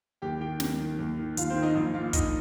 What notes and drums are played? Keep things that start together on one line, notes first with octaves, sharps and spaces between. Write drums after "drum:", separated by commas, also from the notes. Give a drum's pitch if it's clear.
D#2 G4 G5
D#3 G4 G5
D#2, drum: snare
D#3
D#2
D#3
D#2 F4 F5, drum: hi-hat
C4 C5
D#3
D#4 D#5
A#1 F4 F5
A#2 F4 F5
A#1 D#4 D#5, drum: kick, hi-hat